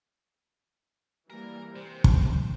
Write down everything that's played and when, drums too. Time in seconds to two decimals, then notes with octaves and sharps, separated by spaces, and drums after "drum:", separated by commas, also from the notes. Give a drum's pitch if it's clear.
1.30 E3 G3 A#3 A#4
1.76 C3 C5
2.04 drum: kick